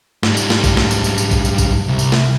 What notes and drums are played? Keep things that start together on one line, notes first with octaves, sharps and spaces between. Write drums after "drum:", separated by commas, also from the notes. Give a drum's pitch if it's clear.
G#2 G3, drum: snare
drum: tambourine
drum: snare
drum: kick A#1, tambourine
drum: snare
drum: tambourine
drum: tambourine
drum: tambourine
drum: kick A#1, tambourine
drum: tambourine
drum: kick A#1, tambourine
C2
drum: tambourine
drum: snare